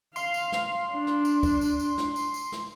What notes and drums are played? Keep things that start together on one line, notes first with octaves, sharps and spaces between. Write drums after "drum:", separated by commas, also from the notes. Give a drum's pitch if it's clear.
F5 C6, drum: tambourine
drum: tambourine
drum: snare
D4
drum: snare
drum: tambourine
drum: kick C#2, tambourine
drum: tambourine
drum: tambourine
drum: snare
drum: tambourine
drum: tambourine
drum: snare